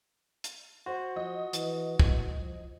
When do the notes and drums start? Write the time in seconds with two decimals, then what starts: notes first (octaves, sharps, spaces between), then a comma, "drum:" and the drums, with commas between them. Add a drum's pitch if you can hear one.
0.44 drum: hi-hat
0.86 F#4 C5
1.16 F3 D#5
1.53 E3, drum: hi-hat
1.99 E3, drum: kick
2.40 F3